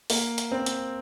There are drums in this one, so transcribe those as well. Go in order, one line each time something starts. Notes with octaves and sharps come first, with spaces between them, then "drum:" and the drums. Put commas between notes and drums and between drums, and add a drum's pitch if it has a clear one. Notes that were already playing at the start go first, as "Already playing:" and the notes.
A#3, drum: open hi-hat
drum: hi-hat
C4
drum: hi-hat